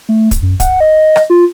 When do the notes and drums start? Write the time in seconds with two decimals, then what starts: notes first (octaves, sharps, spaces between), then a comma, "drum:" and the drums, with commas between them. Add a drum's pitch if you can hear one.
0.09 A3
0.31 drum: kick, hi-hat
0.42 F#2
0.60 F#5, drum: kick, hi-hat
0.80 D#5
1.16 drum: rim click
1.30 F4